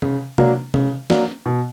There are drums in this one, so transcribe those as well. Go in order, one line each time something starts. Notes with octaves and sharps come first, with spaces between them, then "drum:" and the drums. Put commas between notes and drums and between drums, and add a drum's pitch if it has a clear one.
C#3, drum: tom C3
F#3 A#3 D4, drum: tom C3
C#3, drum: tom C3
F#3 A#3 D4, drum: snare
B2